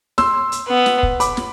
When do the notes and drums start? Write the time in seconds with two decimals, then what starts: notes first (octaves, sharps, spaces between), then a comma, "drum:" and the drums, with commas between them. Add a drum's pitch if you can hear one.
0.18 C6 E6, drum: snare
0.52 drum: hi-hat
0.68 B3
0.86 drum: snare
1.03 drum: kick
1.20 B5 D6, drum: hi-hat
1.37 drum: snare